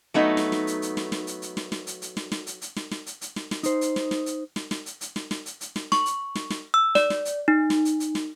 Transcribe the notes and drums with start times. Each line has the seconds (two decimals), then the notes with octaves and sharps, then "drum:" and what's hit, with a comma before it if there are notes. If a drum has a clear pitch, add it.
0.14 F#3 A3 B3 D#4
0.37 drum: snare
0.52 drum: snare
0.67 drum: hi-hat
0.82 drum: hi-hat
0.97 drum: snare
1.12 drum: snare
1.27 drum: hi-hat
1.42 drum: hi-hat
1.57 drum: snare
1.72 drum: snare
1.87 drum: hi-hat
2.02 drum: hi-hat
2.17 drum: snare
2.32 drum: snare
2.47 drum: hi-hat
2.61 drum: hi-hat
2.76 drum: snare
2.91 drum: snare
3.06 drum: hi-hat
3.21 drum: hi-hat
3.36 drum: snare
3.51 drum: snare
3.63 D#4 C5, drum: hi-hat
3.81 drum: hi-hat
3.96 drum: snare
4.11 drum: snare
4.26 drum: hi-hat
4.56 drum: snare
4.71 drum: snare
4.86 drum: hi-hat
5.01 drum: hi-hat
5.16 drum: snare
5.31 drum: snare
5.46 drum: hi-hat
5.61 drum: hi-hat
5.76 drum: snare
5.92 C#6, drum: snare
6.06 drum: hi-hat
6.35 drum: snare
6.50 drum: snare
6.74 E6
6.95 D5, drum: snare
7.10 drum: snare
7.25 drum: hi-hat
7.48 D#4
7.70 drum: snare
7.85 drum: hi-hat
8.00 drum: hi-hat
8.15 drum: snare